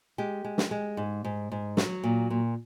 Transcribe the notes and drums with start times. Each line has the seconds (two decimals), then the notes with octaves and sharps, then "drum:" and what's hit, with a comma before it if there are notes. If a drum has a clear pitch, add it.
0.18 G#3 G4
0.44 G#3
0.58 drum: snare
0.71 G#3
0.97 G#2
1.24 G#2
1.52 G#2
1.77 F#3, drum: snare
2.04 A#2
2.30 A#2